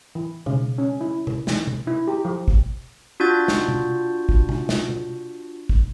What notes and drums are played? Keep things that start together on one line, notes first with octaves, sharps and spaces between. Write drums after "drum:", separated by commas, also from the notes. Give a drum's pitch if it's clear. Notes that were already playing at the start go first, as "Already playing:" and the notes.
E3
C#3, drum: tom B2
C#4
E4
drum: tom C3
E3, drum: snare
drum: tom C3
E4
G4
F3
drum: kick
D4 F4 F#4 G6 A6
drum: snare
drum: tom C3
drum: kick
drum: tom C3
drum: snare
drum: tom C3
drum: kick